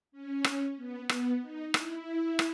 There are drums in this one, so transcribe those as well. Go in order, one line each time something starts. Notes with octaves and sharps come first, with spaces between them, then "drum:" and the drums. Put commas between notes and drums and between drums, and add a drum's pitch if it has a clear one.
C#4
drum: rim click
B3
B3, drum: rim click
D#4
E4, drum: rim click
drum: rim click